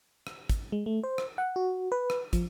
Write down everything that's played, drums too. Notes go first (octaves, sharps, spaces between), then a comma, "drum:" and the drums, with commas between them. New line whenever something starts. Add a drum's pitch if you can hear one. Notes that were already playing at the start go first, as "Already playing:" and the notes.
drum: rim click
drum: kick, hi-hat
G#3
A3
C5
drum: rim click
F#5
F#4
B4
drum: rim click
F3, drum: kick, hi-hat